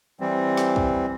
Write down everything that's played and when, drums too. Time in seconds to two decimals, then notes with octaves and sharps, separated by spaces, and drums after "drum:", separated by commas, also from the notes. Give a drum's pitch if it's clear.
0.20 E3 G3 C4
0.57 drum: snare
0.76 drum: kick